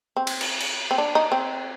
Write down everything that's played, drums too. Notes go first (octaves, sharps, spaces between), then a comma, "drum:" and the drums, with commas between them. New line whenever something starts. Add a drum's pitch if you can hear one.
C4
drum: cymbal
drum: cymbal
drum: cymbal
C4
D4
D#4
C4